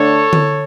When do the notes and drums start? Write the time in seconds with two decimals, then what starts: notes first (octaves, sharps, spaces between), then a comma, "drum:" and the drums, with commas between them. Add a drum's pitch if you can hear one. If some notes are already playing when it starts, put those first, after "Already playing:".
Already playing: D3 A3 D4 A4 C#5
0.33 drum: tom D3